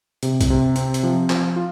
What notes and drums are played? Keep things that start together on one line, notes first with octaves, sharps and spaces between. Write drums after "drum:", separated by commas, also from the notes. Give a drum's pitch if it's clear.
C3, drum: hi-hat
drum: kick A#1, hi-hat
C3
C4, drum: hi-hat
drum: hi-hat
F3
F3, drum: clap
F4